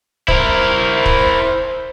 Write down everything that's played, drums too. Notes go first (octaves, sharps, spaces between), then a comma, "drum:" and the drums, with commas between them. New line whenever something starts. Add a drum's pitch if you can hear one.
E4 A#4 C5, drum: kick
drum: kick